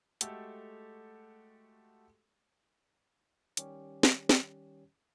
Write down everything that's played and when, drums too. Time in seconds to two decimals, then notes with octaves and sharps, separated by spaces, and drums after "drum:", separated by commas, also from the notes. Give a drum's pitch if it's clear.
0.21 G#3 A3 F#4 G4 A4, drum: hi-hat
3.57 D#3 G3 C#4 G4 C#5, drum: hi-hat
4.03 drum: snare
4.29 drum: snare